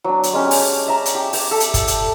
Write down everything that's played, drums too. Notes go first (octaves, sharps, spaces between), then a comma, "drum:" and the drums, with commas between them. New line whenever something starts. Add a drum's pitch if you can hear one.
F#3 D4
drum: hi-hat
G#3 C#4 G4
drum: open hi-hat
D5 E5 A#5
drum: hi-hat
G4
G4 E5, drum: open hi-hat
A4
drum: hi-hat
drum: kick, hi-hat
drum: hi-hat